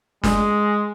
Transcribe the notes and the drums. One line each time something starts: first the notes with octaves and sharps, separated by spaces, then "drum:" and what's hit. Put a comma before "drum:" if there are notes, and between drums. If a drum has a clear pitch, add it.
G#3, drum: snare